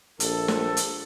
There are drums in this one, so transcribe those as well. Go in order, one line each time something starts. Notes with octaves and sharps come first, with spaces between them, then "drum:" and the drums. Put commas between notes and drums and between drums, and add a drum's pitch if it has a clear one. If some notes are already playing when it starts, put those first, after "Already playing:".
A#1 A4, drum: hi-hat
drum: snare
drum: hi-hat